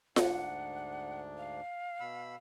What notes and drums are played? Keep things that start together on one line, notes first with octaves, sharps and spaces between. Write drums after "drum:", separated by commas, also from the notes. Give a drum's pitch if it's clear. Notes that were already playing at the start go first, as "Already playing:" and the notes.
D2 G#2 D4 F#5, drum: snare F4
F5
B2 B5 E6